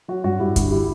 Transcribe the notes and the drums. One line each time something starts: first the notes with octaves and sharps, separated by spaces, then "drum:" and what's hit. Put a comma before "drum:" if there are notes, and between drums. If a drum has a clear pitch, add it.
F#3 F#4
G2 F#4
G2 E4 G4
D3, drum: kick, hi-hat
E4 G4